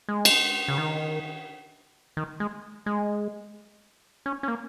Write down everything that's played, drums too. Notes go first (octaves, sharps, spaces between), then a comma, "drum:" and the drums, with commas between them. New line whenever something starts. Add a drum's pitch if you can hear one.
G#3
drum: cymbal
C#3
D#3
D#3
G#3
G#3
C#4
C#4
A#3